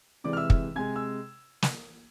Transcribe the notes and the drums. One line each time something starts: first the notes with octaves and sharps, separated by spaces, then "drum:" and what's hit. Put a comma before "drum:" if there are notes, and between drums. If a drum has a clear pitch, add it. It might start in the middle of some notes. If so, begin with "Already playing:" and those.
C3 E3 G#3 D5 D6
F6
E5 E6
E5 E6, drum: kick
C3 G#3 G#5 G#6
E6
drum: snare